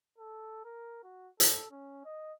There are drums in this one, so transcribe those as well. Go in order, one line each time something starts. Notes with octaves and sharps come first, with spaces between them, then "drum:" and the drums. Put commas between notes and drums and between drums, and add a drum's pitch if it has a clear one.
A4
A#4
F#4
A4, drum: hi-hat
C#4
D#5